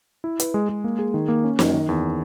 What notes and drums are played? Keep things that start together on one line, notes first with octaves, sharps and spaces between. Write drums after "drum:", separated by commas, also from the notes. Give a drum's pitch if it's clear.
E4
B4, drum: hi-hat
G#3
G#3
A#3
G#4
D#3
A#3
C#4
F#2, drum: snare
D#3
E2